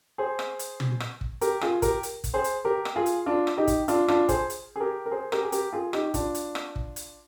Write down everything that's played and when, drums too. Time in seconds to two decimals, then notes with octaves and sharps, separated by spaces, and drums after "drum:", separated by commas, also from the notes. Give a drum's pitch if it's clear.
0.18 G#4 C5
0.39 drum: rim click
0.59 drum: hi-hat
0.80 drum: tom
1.00 drum: rim click
1.21 drum: kick
1.41 G4 A#4, drum: hi-hat
1.61 F4 G#4, drum: rim click
1.82 G4 A#4, drum: kick, hi-hat
2.03 drum: hi-hat
2.24 drum: kick, hi-hat
2.34 G#4 C5
2.44 drum: hi-hat
2.65 G4 A#4
2.85 drum: rim click
2.96 F4 G#4
3.06 drum: hi-hat
3.26 D4 F4
3.47 drum: rim click
3.58 D#4 G4
3.67 drum: kick, hi-hat
3.88 D4 F4, drum: hi-hat
4.08 D4 F4, drum: rim click
4.29 G#4 C5, drum: kick, hi-hat
4.50 drum: hi-hat
4.76 G#4
4.80 G4 A#4
5.06 A#4
5.11 G#4 C5
5.32 G4 A#4, drum: rim click
5.43 G#4
5.52 G4 A#4, drum: hi-hat
5.73 F4 G#4
5.93 D#4 G4, drum: rim click
6.14 D4 F4, drum: kick, hi-hat
6.35 drum: hi-hat
6.55 drum: rim click
6.76 drum: kick
6.96 drum: hi-hat